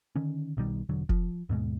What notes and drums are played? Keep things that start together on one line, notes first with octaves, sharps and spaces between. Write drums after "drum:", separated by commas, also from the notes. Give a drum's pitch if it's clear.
D3 D#3 C#4
B1 B2 D#3 G3
E1 D3 F#3
F3, drum: kick F1
D#2 G#2 B2 G#3